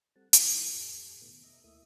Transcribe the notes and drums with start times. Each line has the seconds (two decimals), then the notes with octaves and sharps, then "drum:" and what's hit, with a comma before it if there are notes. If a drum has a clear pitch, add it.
0.16 G3 C4 A4 F#5 A5
0.33 E3 G#3 D#4 E4 A4, drum: hi-hat
0.73 F2 A2 G4 A5
1.21 B2 D#3 A3 B3
1.44 D#5 E5 A#5
1.64 D2 A3 A#3 E4 E5 D#6